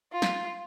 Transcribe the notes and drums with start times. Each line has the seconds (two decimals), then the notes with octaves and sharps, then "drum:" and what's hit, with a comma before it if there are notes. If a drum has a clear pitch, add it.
0.13 F4
0.22 drum: snare